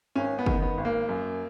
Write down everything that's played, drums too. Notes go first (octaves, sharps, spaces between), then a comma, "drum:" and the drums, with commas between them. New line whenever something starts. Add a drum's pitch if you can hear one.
G#1 C#4
B3
D#3, drum: kick
B3
G#1
A#3
F#2